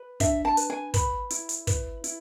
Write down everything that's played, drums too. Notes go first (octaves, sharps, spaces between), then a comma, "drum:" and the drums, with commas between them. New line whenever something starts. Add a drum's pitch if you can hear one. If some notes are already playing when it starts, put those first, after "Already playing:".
Already playing: B4
D4 E5, drum: kick, hi-hat
A5
B4, drum: hi-hat
G#5
B4 B5, drum: kick, hi-hat
E4, drum: hi-hat
drum: hi-hat
B4, drum: kick, hi-hat
E4, drum: hi-hat